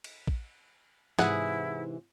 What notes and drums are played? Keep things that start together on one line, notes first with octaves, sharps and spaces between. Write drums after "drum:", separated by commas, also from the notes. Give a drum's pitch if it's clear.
drum: cymbal
drum: kick
G#2 C3 E3 E4 G#4 F#5, drum: snare